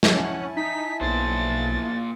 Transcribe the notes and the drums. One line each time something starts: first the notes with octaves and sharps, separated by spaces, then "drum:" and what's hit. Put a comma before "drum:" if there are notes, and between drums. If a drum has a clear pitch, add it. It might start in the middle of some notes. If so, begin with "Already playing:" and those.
drum: snare
C#4 E4 F#5 G#5 A5
D#4 B6
B1 A#2 C5 A6